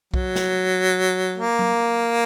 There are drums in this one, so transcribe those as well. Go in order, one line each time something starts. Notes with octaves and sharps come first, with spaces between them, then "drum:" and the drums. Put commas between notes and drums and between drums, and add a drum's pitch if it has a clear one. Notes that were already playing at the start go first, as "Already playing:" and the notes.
F#3, drum: kick B1
drum: snare
A#3
drum: tom F#3